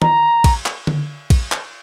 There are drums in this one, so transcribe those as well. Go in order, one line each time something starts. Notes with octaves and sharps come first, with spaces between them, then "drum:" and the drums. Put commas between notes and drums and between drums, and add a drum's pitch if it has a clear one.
A#5, drum: tom D#3
drum: kick, cymbal
drum: clap
drum: tom D3
drum: kick, cymbal
drum: clap